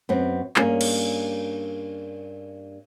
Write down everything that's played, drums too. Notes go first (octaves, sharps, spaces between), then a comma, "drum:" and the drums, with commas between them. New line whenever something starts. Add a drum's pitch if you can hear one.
F#2 B3 C4
G2 A#3 C#4 G#4, drum: clap
drum: cymbal